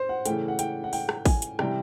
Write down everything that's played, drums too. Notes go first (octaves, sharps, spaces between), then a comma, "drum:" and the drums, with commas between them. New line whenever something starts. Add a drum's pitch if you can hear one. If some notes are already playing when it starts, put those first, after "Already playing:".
Already playing: C5
F#5
C#3 E3 A3 G5, drum: hi-hat
F#5
G5, drum: hi-hat
F#5
G5, drum: open hi-hat
drum: rim click
G#5, drum: kick, open hi-hat
drum: hi-hat
C3 E3 G3 G5, drum: rim click